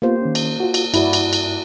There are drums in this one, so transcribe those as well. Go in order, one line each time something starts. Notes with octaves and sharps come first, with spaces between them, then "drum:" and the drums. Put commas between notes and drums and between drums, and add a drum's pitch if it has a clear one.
A#3 B3 F4 G4 C5
D#3 C#4
drum: cymbal
F4 F#4
drum: cymbal
G2 E4 F#4 D5, drum: cymbal
drum: cymbal
drum: cymbal